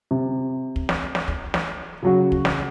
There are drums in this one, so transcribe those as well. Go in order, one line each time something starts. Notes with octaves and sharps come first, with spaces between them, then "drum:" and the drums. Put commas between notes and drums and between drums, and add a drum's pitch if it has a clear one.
C3
drum: kick
drum: snare
drum: snare
drum: kick
drum: snare
C#3 F#3 F#4
drum: kick
drum: snare